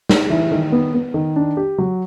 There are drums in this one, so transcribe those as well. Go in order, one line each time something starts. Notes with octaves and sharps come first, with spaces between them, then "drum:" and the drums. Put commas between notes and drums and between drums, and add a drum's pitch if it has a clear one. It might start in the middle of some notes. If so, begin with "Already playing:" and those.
D#4, drum: snare
E3
D#3
B3
B3
D#3
D4
G4
F#3